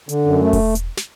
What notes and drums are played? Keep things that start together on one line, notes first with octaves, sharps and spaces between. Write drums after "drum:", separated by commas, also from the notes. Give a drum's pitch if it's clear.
D3, drum: hi-hat
F#2
A3
drum: kick E1, open hi-hat
drum: hi-hat
drum: snare